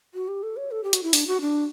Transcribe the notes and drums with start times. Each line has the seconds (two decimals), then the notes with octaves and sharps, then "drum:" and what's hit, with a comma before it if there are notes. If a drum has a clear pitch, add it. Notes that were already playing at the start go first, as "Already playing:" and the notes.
0.14 F#4
0.28 G4
0.43 A4
0.57 C#5
0.71 A4
0.84 G4
0.93 F#4, drum: hi-hat
1.03 E4
1.13 D4, drum: open hi-hat
1.27 F#4
1.41 D4